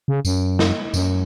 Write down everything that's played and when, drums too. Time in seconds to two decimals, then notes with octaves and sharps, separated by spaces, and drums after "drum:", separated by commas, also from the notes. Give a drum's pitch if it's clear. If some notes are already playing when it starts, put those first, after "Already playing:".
0.08 C#3
0.25 F#2, drum: tambourine
0.59 drum: snare
0.94 F#2, drum: tambourine